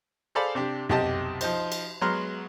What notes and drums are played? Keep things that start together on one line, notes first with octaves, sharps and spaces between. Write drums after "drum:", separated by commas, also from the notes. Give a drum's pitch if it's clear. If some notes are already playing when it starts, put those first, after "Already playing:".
G#4 A4 C5 D5 F5 B5
C3 D4 G4
B1 C3 G4 D#5 A5, drum: tom
F3 D#4 C5, drum: cymbal
drum: cymbal
F#3 G#3 B3 A#5 C6 F6